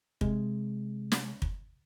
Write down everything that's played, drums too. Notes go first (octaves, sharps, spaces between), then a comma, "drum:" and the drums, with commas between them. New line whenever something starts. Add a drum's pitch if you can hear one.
C3 G#3, drum: kick
drum: snare
drum: kick